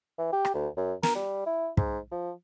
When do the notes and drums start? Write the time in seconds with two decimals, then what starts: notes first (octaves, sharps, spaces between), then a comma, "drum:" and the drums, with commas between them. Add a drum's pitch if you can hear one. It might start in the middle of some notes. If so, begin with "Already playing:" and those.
0.18 E3
0.33 G4
0.45 drum: rim click
0.54 D2
0.77 F#2
1.03 A#4, drum: snare
1.16 G3
1.46 E4
1.77 G#2, drum: kick
2.12 F3